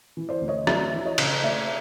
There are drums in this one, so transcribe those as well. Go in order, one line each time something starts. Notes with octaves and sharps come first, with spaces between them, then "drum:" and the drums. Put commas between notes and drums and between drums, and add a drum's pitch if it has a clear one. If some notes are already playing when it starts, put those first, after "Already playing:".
E3
C5 D5
D2
C#5 D#5
A3 D5 E5, drum: rim click
E3
C#5 D#5
C#3, drum: cymbal
A3 D5 E5